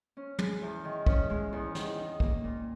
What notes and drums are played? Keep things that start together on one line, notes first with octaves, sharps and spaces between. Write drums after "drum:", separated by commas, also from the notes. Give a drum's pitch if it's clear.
C#4
G#3, drum: tom
E2
D#3
C#4, drum: kick
G#3
E2
D#3, drum: snare
D#4
A#3, drum: kick
A#2